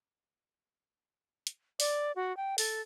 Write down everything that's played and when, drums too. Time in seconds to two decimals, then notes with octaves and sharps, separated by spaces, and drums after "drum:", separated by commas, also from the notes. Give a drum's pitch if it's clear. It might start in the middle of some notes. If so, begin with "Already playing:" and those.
1.47 drum: hi-hat
1.80 D5, drum: open hi-hat
2.16 F#4
2.37 G5
2.58 A4, drum: open hi-hat